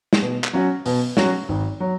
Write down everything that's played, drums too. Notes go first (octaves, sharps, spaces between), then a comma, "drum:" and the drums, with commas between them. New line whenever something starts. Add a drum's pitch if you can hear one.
drum: snare
B2
drum: clap
F#3 C#4 F#4
B2, drum: open hi-hat
F#3 C#4 F#4, drum: snare
G#1
F#3